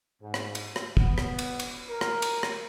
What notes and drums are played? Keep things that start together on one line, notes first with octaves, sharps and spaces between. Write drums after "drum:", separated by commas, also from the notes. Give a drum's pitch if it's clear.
G#2
drum: rim click
drum: cymbal
drum: rim click
B3, drum: kick
drum: rim click
drum: cymbal
drum: cymbal
A#4
drum: rim click
drum: cymbal
drum: rim click